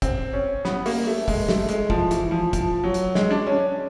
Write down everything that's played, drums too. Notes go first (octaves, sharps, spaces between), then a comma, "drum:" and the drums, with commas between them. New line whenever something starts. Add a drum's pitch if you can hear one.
C4, drum: kick, hi-hat
C#4
B3, drum: snare
A#3, drum: open hi-hat
A3
G#3, drum: kick, open hi-hat
A3, drum: snare
G#3, drum: hi-hat
F3, drum: kick
E3, drum: hi-hat
F3
F3, drum: kick, hi-hat
F#3
drum: hi-hat
G#3, drum: snare
D4
C#4